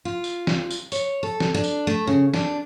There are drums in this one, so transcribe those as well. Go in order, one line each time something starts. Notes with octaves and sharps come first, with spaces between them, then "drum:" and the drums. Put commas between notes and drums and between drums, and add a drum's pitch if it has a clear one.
F4
drum: tambourine
drum: snare
drum: tambourine
C#5, drum: tambourine
A4
drum: snare
D4
drum: tambourine
A3
C#3
D4, drum: snare